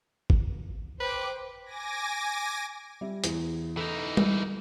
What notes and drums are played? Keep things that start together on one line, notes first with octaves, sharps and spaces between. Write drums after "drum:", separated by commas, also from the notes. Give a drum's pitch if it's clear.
drum: kick G1
B4 C5 G5 D6
G#5 D6 A#6
G3 E5
E2, drum: hi-hat
E3 D#4 A4
drum: tom G3